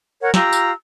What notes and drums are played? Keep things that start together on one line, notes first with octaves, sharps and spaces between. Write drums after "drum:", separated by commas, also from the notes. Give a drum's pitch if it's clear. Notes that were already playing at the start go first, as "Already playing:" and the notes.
A#4 C#5 F#5
F4 G4 A#5 E6, drum: snare
drum: tambourine